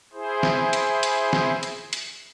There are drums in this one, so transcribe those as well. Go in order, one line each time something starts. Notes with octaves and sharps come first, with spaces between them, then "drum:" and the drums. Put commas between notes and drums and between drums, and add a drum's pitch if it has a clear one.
E4 G#4 C5
drum: snare
drum: hi-hat
drum: hi-hat
drum: snare
drum: hi-hat
drum: hi-hat